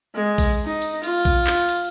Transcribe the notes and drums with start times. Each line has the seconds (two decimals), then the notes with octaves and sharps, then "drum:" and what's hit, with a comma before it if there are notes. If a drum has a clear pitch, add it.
0.15 G#3
0.38 drum: kick A#1, cymbal
0.65 D#4
0.82 drum: cymbal
1.03 F4, drum: cymbal
1.25 drum: kick A#1, cymbal
1.47 drum: clap
1.69 drum: cymbal